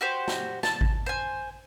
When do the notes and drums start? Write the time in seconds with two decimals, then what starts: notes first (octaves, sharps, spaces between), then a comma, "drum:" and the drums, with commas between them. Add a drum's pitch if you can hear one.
0.01 F#4 G4 C5
0.28 drum: snare
0.63 A5, drum: snare
0.81 drum: kick G#1
1.06 C5 G#5